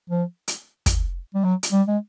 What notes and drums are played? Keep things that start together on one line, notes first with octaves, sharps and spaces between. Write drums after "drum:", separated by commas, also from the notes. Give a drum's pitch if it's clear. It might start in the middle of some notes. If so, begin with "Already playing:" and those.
F3
drum: hi-hat
drum: kick, hi-hat
G3
F#3
drum: hi-hat
G3
G#3